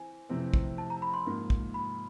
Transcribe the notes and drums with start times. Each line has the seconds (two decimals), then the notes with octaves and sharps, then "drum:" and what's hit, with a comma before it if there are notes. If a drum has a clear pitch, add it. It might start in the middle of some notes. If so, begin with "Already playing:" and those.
Already playing: E3 C4 G#5
0.29 F2 C3 E3 A3 C4
0.54 drum: kick
0.78 A5
0.90 A#5
1.02 B5
1.14 C6
1.26 G#2 F3 A#3
1.50 drum: kick
1.74 B5